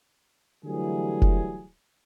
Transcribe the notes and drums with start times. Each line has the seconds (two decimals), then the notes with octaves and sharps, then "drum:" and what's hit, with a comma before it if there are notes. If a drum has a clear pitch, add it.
0.64 D3 E3 F#3 G3 A3 G#4
1.22 drum: kick F1